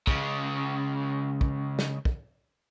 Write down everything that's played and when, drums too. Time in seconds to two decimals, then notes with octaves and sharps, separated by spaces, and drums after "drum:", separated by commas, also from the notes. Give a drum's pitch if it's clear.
0.07 C#2 C#3, drum: kick
1.41 drum: kick
1.79 drum: snare
2.05 drum: kick